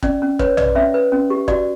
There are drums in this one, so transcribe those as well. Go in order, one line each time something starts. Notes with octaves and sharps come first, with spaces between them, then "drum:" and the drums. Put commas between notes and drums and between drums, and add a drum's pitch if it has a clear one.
C#4 D5, drum: kick
C#4
B4 C#5, drum: kick
B4 D5, drum: tom A#1
C#4 E5
B4
C#4
G4
F#4 D5, drum: kick